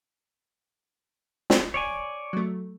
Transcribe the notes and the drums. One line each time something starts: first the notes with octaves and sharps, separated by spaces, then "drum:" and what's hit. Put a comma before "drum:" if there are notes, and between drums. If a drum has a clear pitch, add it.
drum: snare
C#5 D5 G#5
F#3 A3